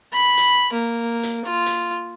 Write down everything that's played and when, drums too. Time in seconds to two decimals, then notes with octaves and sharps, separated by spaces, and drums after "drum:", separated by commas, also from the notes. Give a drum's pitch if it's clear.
0.13 B5
0.37 drum: hi-hat
0.73 A#3
1.23 drum: hi-hat
1.45 F4
1.66 drum: hi-hat